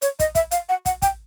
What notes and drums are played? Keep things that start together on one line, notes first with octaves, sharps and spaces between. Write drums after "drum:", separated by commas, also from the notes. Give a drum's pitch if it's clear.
C#5, drum: hi-hat
D#5, drum: kick, hi-hat
E5, drum: kick, hi-hat
F5, drum: hi-hat
F#5
F#5, drum: kick, hi-hat
G5, drum: kick, hi-hat